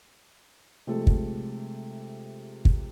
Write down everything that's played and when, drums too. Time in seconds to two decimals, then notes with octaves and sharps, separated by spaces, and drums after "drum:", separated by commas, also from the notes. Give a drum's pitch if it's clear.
0.87 C3 F3 G#3 A3 A4
1.07 drum: kick
2.65 drum: kick